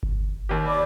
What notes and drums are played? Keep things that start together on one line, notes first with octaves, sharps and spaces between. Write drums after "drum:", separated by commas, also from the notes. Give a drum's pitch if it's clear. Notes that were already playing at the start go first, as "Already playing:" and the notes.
drum: kick G1
D#2 G4
D5 B5 D6